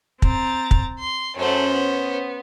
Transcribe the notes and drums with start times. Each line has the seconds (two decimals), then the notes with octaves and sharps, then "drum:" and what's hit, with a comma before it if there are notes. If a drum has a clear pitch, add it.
0.22 C4 A#5 A6, drum: kick
0.71 drum: kick
0.97 C6
1.36 F#2 A3 C#4 C5 F#5
1.70 B3